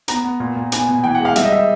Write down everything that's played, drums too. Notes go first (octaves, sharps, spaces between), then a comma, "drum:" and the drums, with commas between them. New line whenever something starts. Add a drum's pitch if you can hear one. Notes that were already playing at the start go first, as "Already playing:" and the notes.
B3 A#5, drum: hi-hat
B3
A#2
A#2
B3 G#5, drum: hi-hat
B2
E3 G5
F#5
G#3
F5
G3 E5, drum: hi-hat
D#5
G3 E5